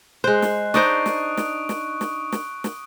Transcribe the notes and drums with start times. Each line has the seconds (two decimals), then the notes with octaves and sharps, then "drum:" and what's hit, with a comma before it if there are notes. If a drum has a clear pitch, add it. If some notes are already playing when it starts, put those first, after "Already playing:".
0.24 G#3 C5 F#6
0.42 drum: snare
0.74 D4 D#4 C5 C#6 D#6 D7, drum: snare
1.06 drum: snare
1.37 drum: snare
1.69 drum: snare
2.01 drum: snare
2.32 drum: snare
2.64 drum: snare